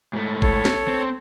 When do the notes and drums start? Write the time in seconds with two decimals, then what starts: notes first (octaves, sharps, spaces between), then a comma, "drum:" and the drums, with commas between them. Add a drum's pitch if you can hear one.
0.13 G#2 A3
0.42 A4 C#5, drum: kick
0.65 drum: snare
0.88 C4